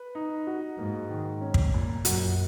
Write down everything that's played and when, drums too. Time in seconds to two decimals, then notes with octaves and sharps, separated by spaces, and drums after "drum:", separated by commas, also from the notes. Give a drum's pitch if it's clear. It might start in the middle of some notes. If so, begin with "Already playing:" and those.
Already playing: B4
0.15 D#4
0.47 F#4
0.78 G#2 A#3
1.10 D#3
1.41 C#4
1.54 drum: kick
1.74 A#2
2.05 F#2 F#4, drum: hi-hat